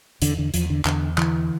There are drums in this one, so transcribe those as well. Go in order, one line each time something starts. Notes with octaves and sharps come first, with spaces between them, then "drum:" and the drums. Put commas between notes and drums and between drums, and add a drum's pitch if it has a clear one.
E2 D3, drum: hi-hat
D3
E2 F3, drum: hi-hat
D3
E2 D3, drum: clap
D3 E3, drum: clap